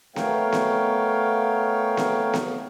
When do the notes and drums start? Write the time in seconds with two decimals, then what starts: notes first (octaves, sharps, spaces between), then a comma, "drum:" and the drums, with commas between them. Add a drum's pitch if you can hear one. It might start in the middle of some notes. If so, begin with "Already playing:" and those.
0.16 A3 B3 A#4 C#5 F5 G5, drum: snare B3
0.52 drum: snare B3
1.97 drum: snare B3
2.34 drum: snare B3